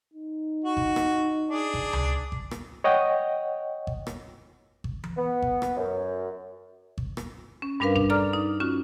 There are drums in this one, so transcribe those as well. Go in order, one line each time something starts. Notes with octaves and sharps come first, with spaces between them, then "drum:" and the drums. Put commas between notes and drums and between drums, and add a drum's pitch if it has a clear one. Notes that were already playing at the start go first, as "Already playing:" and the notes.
D#4
F#4
drum: kick G#1
drum: rim click
D4 G#4
drum: kick G#1
drum: tom C#2
drum: kick G#1
drum: rim click
C#5 D#5 F#5 G5
drum: kick G#1
drum: rim click
drum: kick G#1
drum: tom E3
B3
drum: kick G#1
drum: rim click
F#2
drum: kick G#1
drum: rim click
C#4
G2 G3 D4 A#4 B4 F5
D4, drum: kick G#1
A4 D5 A#5 D6 F6
D#4
C#4 F4 F#4